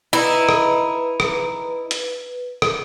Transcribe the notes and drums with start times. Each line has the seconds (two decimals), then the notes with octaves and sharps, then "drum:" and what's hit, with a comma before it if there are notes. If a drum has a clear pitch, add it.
0.13 D#4 E4 B4
0.49 drum: rim click
1.20 drum: rim click
1.91 drum: hi-hat
2.62 drum: rim click